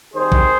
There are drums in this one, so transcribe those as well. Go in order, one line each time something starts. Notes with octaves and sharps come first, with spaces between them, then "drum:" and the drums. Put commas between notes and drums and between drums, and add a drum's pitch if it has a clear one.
D#3 G3 C4 G#4 C5
drum: kick